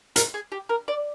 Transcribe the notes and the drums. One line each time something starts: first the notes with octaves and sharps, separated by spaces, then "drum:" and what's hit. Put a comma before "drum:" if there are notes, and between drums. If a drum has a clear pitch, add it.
A#4, drum: hi-hat
G#4
G4
A#4
D5